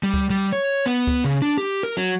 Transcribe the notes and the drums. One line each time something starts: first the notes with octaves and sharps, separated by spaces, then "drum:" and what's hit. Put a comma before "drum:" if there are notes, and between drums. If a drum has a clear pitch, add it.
G3
drum: kick C#2
G3
C#5
B3
drum: kick C#2
C#3
D4
G4
A#4
F#3